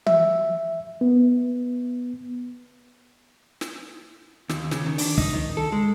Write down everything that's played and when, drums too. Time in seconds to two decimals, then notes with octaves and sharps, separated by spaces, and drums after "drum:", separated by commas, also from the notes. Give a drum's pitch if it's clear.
0.07 E5, drum: tom
1.01 B3
3.61 drum: snare
4.49 D#2, drum: snare
4.71 C#3, drum: snare
4.86 D#3
4.98 D4, drum: open hi-hat
5.18 D#4, drum: kick
5.33 D#3
5.57 A4
5.72 G#3